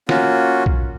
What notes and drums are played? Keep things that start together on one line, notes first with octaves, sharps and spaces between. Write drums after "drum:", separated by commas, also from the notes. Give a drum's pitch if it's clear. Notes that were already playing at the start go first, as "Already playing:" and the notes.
A#3 C#4 F4 F#4, drum: snare
drum: kick